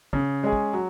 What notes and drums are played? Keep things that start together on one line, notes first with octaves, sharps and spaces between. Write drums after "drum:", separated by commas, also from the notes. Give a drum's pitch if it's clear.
C#3, drum: kick
G#3 C#4 G#4
drum: kick
F#3